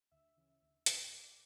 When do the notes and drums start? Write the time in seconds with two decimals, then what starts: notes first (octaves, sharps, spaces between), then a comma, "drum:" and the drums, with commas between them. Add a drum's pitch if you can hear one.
0.12 D2 E5
0.37 C#3 E3
0.62 D2
0.86 C#3 E3, drum: hi-hat
1.12 D2 D5